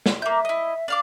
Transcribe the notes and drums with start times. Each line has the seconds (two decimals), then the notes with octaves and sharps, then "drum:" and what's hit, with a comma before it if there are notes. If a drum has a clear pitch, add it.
0.06 drum: snare
0.22 A#3 E5 G6
0.45 E4 D#5
0.88 D4 F5 D6